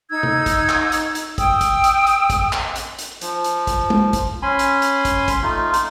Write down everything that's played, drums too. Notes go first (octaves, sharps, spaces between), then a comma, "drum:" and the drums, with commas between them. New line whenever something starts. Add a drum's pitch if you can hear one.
D#4 E6 G#6
drum: tom
drum: kick, hi-hat
drum: clap
drum: hi-hat
drum: hi-hat
G5 D#6 E6, drum: kick, hi-hat
drum: kick, hi-hat
drum: hi-hat
drum: hi-hat
drum: kick, hi-hat
drum: clap
drum: hi-hat
drum: hi-hat
F3, drum: hi-hat
drum: hi-hat
drum: kick, hi-hat
drum: tom
drum: kick, hi-hat
C#4 G#5 B5 C6
drum: hi-hat
drum: hi-hat
drum: kick, hi-hat
drum: kick, hi-hat
A3 D#4 F4
drum: hi-hat